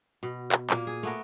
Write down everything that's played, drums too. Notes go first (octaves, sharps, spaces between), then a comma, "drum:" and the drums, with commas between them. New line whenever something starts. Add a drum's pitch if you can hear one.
B2
drum: clap
A#2 A#3, drum: clap
G#4
A3 B3 A#4